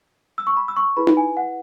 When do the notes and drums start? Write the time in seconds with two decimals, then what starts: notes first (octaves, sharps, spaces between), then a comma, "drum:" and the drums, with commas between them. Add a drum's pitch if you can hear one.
0.38 E6
0.47 C#6
0.57 B5
0.68 E6
0.76 C#6
0.97 E4 G#4 B4 B5
1.07 drum: tom D#4
1.17 G#5
1.37 F#5